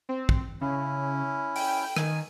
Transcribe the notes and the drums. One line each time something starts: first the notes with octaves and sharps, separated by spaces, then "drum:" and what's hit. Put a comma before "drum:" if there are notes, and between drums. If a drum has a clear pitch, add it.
C4
drum: kick
C#3 C#4 E4
G5, drum: open hi-hat
D#3 G#5, drum: rim click